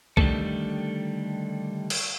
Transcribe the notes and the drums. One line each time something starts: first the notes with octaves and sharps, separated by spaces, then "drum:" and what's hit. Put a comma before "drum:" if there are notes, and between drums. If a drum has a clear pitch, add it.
D3 D#3 G3 A3 A#3 A4, drum: kick
drum: cymbal